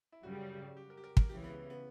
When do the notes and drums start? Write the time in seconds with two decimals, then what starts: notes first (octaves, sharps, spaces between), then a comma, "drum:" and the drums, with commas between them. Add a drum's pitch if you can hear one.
0.12 E4
0.23 F#2 C#3 G3 F#4
0.77 G4
0.90 A#4
0.97 G4
1.04 A#4
1.17 A#4, drum: kick
1.29 C#2 C#3 E3 G4
1.44 B3
1.70 B3